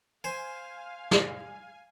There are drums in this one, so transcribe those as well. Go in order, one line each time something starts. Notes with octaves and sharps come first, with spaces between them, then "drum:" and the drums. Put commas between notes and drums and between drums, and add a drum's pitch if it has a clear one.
C5 F5 G#5
drum: snare